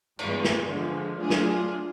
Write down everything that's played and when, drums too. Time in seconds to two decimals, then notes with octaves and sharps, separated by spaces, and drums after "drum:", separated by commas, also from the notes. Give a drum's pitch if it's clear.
0.19 G2 E3 G#3 B3, drum: cymbal
0.44 drum: snare
0.69 D3 F3 G#3
1.18 F#3 A3 D4 F4 G#4
1.30 drum: snare